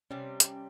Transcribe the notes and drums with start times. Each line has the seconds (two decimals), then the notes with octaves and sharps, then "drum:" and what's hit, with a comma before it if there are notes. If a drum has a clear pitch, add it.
0.11 C3 G3 C4 C#4
0.40 drum: hi-hat